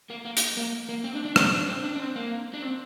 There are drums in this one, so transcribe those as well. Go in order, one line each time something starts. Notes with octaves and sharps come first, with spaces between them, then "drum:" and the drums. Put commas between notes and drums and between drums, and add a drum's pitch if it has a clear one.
A#3
A#3
drum: hi-hat
A#3
A#3
C4
D4
D4
C4, drum: rim click
D4
C4
D4
D4
C4
A#3
D4
C4